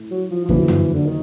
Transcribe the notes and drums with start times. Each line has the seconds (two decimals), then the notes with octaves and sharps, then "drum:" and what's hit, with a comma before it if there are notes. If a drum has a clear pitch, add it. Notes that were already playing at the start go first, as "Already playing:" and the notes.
Already playing: A2 A3
0.11 F#3
0.30 F3
0.45 F3
0.49 F2 D3 E3 F#3 A#3, drum: kick
0.68 drum: tom F#2
0.94 D3
1.06 D#3